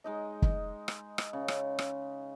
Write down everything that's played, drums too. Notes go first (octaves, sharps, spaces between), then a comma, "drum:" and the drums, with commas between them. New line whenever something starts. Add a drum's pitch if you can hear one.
G#3 D#4 D#5
drum: kick
drum: rim click
drum: rim click
C#3
drum: rim click
drum: rim click